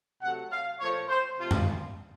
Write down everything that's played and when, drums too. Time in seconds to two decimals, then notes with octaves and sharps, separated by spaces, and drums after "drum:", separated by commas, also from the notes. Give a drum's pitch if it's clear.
0.21 C3 F#3 A3 F#5
0.51 F5
0.80 A#2 F3 A3 C#5
1.09 C5
1.38 C3 F3 A3 F4
1.51 drum: tom F2